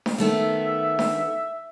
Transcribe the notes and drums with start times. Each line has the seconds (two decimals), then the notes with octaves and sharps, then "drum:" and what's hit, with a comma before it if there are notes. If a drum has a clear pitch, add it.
0.06 drum: snare D4
0.18 D#3 A3 B3 E5
0.99 drum: snare D4